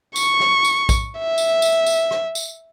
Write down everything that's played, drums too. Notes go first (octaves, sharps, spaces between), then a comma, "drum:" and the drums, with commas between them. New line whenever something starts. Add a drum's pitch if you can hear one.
C#6, drum: tambourine
drum: rim click
drum: tambourine
drum: kick A#1, tambourine
E5
drum: tambourine
drum: tambourine
drum: tambourine
drum: rim click
drum: tambourine